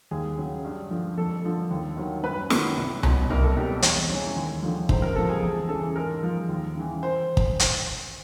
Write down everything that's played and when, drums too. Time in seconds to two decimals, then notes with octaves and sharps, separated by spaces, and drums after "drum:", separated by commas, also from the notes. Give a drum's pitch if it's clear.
0.11 D#2 G#4
0.38 C#3 F#3
0.64 G2
0.91 D3 F3
1.17 F2 A4
1.44 D3 F3
1.71 D#2
1.96 D#3 F#3
2.23 F#2 B4
2.50 D#3 F#3, drum: snare
2.77 C2
3.03 B2 F#3, drum: tom C2
3.30 C2 A#4
3.43 A4
3.57 B2 F#3 G4
3.82 E2 C#5, drum: hi-hat
4.09 C#3 E3
4.36 D#2
4.63 D3 F3
4.89 C#2 C5, drum: kick
5.02 A#4
5.16 C3 F3 A4
5.29 G#4
5.43 E2 G#4
5.69 C#3 A4
5.74 E3
5.96 G#2 A#4
6.23 F3
6.49 D#2
6.76 C#3 E3
7.03 C5
7.37 drum: kick
7.60 drum: hi-hat